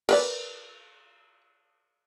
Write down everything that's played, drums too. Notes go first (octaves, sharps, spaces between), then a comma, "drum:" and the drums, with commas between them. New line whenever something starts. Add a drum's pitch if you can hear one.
A#4 B4 D5, drum: cymbal